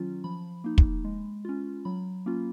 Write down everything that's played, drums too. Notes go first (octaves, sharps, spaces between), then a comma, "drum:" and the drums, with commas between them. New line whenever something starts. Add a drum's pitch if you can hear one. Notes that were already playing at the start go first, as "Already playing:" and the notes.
Already playing: D#3 F#3 C#4 F4
F3 B5
A#3 D#4
drum: kick
G#3
C#4 F4
F#3 B5
A#3 C#4 F4